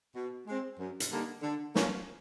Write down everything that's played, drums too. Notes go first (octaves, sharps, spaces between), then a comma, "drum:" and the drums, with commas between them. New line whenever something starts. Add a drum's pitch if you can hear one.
B2
G#3 C4
F#2
drum: hi-hat
D3 G3 A#3 D#4
D3
F3 A#3 C#4 F4, drum: snare